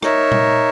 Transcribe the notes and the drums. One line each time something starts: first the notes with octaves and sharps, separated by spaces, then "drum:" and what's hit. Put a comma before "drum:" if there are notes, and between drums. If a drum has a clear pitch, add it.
D#4 A#4 C#5 E5, drum: rim click
drum: tom A#2